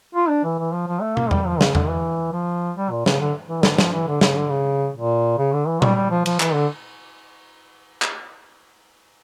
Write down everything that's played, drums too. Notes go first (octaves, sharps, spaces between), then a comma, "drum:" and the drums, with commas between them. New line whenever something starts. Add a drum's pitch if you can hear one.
F4
D4
E3
E3
F3
F3
A3
A#3, drum: tom
G3, drum: tom E2
F3
C#3, drum: snare
D3, drum: tom E2
E3
F3
G3
A#2
C#3, drum: snare
D3
E3
D3, drum: snare
F3, drum: snare
E3
D3
C#3, drum: snare
D3
C#3
A#2
C#3
D3
E3
G3, drum: tom A#2
G3
F3
F3, drum: cymbal
E3, drum: clap
D3
drum: clap